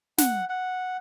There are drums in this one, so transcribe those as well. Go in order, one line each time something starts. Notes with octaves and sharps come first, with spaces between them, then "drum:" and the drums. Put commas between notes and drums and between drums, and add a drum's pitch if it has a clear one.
F#5, drum: snare
F#5